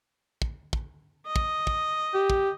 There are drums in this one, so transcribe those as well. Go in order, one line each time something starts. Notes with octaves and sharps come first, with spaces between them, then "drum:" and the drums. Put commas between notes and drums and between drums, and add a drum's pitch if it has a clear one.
drum: kick
drum: kick
D#5
drum: kick
drum: kick
G4
drum: kick